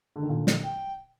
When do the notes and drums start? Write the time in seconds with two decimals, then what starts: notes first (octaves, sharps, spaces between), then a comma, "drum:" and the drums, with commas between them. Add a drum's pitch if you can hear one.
0.16 D3
0.22 D#3
0.29 A#2 D3
0.47 drum: snare
0.63 G5